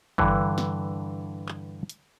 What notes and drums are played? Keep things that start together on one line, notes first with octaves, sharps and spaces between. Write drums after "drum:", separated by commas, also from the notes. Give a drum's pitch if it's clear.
G2 D3 E3, drum: kick
drum: snare
drum: clap
drum: hi-hat